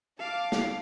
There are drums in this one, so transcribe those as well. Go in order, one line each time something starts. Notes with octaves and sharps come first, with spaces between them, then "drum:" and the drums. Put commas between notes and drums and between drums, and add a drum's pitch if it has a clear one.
F5 A5 D6
drum: snare